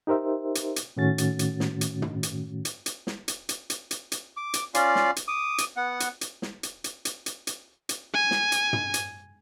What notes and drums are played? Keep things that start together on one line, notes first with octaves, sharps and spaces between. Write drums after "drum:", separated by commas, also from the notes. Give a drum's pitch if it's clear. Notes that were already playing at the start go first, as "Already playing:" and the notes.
D#4 G4 A#4 C5 E5
drum: hi-hat
drum: hi-hat
A2 D#3 A3 C#4 F#4 A6
drum: hi-hat
drum: hi-hat
drum: snare
drum: hi-hat
drum: tom
drum: hi-hat
drum: hi-hat
drum: hi-hat
drum: snare
drum: hi-hat
drum: hi-hat
drum: hi-hat
drum: hi-hat
drum: hi-hat
D6
drum: hi-hat
C#4 F4 D5 F5, drum: hi-hat
drum: snare
drum: hi-hat
D6 D#6
drum: hi-hat
B3 F#5
drum: hi-hat
drum: hi-hat
drum: snare
drum: hi-hat
drum: hi-hat
drum: hi-hat
drum: hi-hat
drum: hi-hat
drum: hi-hat
G#5
drum: snare
drum: hi-hat
drum: tom
drum: hi-hat